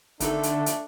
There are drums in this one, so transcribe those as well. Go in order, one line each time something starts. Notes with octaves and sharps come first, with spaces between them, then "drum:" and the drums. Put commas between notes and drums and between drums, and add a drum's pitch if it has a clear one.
G#1 D3 A3 D4 D#4 A4, drum: hi-hat
drum: hi-hat
drum: hi-hat